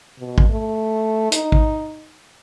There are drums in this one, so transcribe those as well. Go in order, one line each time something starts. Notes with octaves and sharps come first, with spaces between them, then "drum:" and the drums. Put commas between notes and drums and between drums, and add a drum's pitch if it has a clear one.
B2
drum: kick
A3
D#4, drum: hi-hat
drum: kick